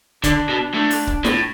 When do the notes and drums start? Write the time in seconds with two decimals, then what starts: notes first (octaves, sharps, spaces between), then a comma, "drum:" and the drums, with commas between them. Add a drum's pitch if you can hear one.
0.24 D3 D4, drum: kick C#1, hi-hat
0.49 B2
0.73 A2 D4
0.90 drum: open hi-hat
1.07 drum: kick C#1
1.24 A2, drum: snare